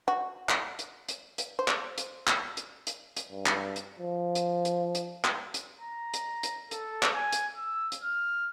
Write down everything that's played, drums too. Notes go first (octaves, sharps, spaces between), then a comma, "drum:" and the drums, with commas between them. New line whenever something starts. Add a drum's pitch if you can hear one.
F#4
drum: clap
drum: hi-hat
drum: hi-hat
drum: hi-hat
C5
drum: clap
drum: hi-hat
drum: clap
drum: hi-hat
drum: hi-hat
drum: hi-hat
G2
drum: clap
drum: hi-hat
F3
drum: hi-hat
drum: hi-hat
drum: hi-hat
drum: clap
drum: hi-hat
A#5
drum: hi-hat
drum: hi-hat
A4, drum: hi-hat
drum: clap
G#5
drum: hi-hat
E6
drum: hi-hat
F6